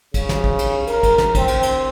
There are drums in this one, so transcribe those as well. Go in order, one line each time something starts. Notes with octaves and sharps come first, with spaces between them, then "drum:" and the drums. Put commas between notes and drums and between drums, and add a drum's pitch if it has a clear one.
C#3, drum: kick, cymbal
drum: snare
drum: kick
drum: cymbal
A#4, drum: cymbal
drum: kick, cymbal
drum: snare
C4, drum: kick, cymbal
drum: cymbal
drum: cymbal